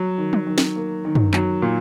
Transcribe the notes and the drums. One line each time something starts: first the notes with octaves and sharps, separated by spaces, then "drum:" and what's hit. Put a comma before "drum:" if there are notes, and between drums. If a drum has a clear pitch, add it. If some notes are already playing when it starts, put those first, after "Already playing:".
Already playing: F#3
D#3
drum: tom F3
D#3
drum: snare
A#3
D#3
drum: tom
F#3, drum: clap
A#2